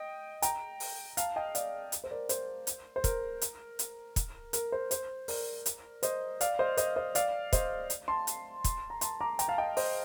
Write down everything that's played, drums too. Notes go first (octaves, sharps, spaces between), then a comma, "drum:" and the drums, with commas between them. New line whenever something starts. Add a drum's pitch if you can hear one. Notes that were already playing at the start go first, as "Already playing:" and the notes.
Already playing: D#5 G5
G5 A#5, drum: hi-hat
drum: open hi-hat
F5 A5, drum: hi-hat
D#5 G5
D5 F5, drum: hi-hat
drum: hi-hat
C5
A#4 D5
C5, drum: hi-hat
drum: hi-hat
C5
A#4, drum: kick, hi-hat
drum: hi-hat
drum: hi-hat
drum: kick, hi-hat
A#4, drum: hi-hat
C5
C5, drum: hi-hat
A#4 D5, drum: open hi-hat
drum: hi-hat
C5 D#5, drum: hi-hat
D5 F5, drum: hi-hat
C5 D#5
C5 D#5, drum: hi-hat
C5 D#5
D5 F5, drum: hi-hat
C5 D#5, drum: kick, hi-hat
drum: hi-hat
A5 C6
drum: hi-hat
drum: kick, hi-hat
A#5
A5 C6, drum: hi-hat
A#5 D6
G5 A#5, drum: hi-hat
F5 A5
D#5 G5
C5 D#5, drum: open hi-hat